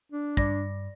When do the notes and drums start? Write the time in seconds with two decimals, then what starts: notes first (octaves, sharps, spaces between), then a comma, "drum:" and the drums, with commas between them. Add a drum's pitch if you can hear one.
0.12 D4
0.37 G2 D5 A#6, drum: kick